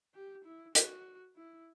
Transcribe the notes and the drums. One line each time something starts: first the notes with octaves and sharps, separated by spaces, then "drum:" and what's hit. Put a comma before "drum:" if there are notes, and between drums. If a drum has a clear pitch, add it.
G4
E4
F#4, drum: hi-hat
E4